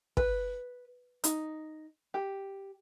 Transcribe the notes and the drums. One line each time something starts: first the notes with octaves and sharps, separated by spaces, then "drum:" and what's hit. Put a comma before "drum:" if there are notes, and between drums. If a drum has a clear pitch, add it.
B4, drum: kick
D#4, drum: hi-hat
G4